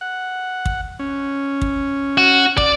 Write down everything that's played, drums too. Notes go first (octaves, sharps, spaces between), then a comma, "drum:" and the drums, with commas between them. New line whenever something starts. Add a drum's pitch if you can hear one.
F#5
drum: kick
C#4
drum: kick
F#4
D5, drum: kick